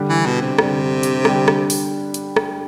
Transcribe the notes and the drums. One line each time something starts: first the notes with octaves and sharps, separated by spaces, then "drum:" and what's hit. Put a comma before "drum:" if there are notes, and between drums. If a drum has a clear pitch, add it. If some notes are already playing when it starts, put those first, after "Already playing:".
Already playing: D3 G3 D4 G4
E3
B2
C3
D3 G3 D4 G4, drum: rim click
drum: hi-hat
D3 G3 D4 G4, drum: rim click
drum: rim click
drum: open hi-hat
drum: hi-hat
drum: rim click